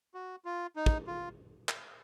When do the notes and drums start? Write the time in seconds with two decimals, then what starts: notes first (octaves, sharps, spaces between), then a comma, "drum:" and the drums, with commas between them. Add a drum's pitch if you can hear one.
0.14 F#4
0.45 F4
0.76 D#4
0.86 drum: kick
1.07 F4
1.69 drum: clap